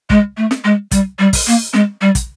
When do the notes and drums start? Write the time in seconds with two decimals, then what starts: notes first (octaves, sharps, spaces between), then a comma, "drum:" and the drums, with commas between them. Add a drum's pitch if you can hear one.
0.10 G#3, drum: kick
0.37 A3
0.51 drum: snare
0.64 G#3
0.91 G3, drum: kick, hi-hat
1.19 G3
1.33 drum: kick, open hi-hat
1.47 A#3
1.73 G#3, drum: snare
2.01 G3
2.15 drum: kick, hi-hat